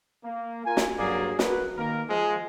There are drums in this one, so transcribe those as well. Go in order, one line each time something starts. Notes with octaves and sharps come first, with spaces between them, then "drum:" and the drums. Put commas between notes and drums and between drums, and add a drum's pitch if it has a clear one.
A#3
F4 A#4 G#5
drum: snare
G2 F#3 A#3 G#4 D5
F#4 A#4 B4, drum: snare
D#3 A#3 A#4
F3 G#3